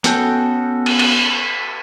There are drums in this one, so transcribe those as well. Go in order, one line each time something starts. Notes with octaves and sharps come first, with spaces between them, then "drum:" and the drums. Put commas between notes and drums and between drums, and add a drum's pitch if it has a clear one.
B3 C#4 F#4 A4 G5, drum: hi-hat
drum: cymbal
drum: cymbal